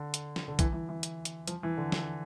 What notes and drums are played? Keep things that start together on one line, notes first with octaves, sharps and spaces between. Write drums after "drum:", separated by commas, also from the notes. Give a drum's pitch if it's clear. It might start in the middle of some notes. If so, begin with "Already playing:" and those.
Already playing: D3
drum: hi-hat
drum: snare
D3
E3, drum: kick B1, hi-hat
E3
E3
drum: hi-hat
drum: hi-hat
F3, drum: hi-hat
E3
D3
drum: snare